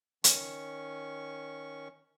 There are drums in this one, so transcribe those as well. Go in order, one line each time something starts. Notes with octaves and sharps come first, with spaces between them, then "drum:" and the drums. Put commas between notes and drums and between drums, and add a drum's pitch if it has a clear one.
D#3 C#4 C#6, drum: hi-hat